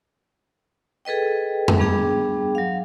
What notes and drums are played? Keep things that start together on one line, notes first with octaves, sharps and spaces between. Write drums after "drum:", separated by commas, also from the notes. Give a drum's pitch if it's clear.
G#4 A4 B4 D#5 G5
drum: tom F2
G3 B3 D4 G#4 G5
F#3 F5